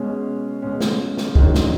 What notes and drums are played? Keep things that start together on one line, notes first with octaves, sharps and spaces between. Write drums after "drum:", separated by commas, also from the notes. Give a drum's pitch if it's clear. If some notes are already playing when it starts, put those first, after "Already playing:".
Already playing: B2 G#3 C#4
B2 G#3 C#4
drum: snare
drum: snare
A#1 G#2 D#3 F#3 C#4, drum: kick
drum: snare